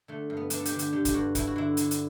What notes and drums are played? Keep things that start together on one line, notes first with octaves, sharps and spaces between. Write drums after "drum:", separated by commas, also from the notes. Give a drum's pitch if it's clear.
D3 A3
G2
B3
G2 D4, drum: hi-hat
A4
G4, drum: hi-hat
D3
G4, drum: hi-hat
D3 G4
G4, drum: kick, hi-hat
G2 F#4
G2 E4, drum: kick, hi-hat
F#4
D3 E4
D3, drum: hi-hat
drum: hi-hat